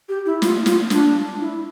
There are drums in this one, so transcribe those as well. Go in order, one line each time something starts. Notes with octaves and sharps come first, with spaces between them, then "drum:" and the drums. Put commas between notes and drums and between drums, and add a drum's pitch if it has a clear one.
G4
E4
F4, drum: snare
F4, drum: snare
D4, drum: snare
E4